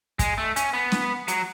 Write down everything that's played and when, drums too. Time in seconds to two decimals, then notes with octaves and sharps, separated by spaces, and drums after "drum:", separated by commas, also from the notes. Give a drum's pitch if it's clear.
0.19 G#3, drum: kick, hi-hat
0.38 A3
0.56 C#4, drum: hi-hat
0.73 B3
0.92 drum: snare
1.28 F#3, drum: hi-hat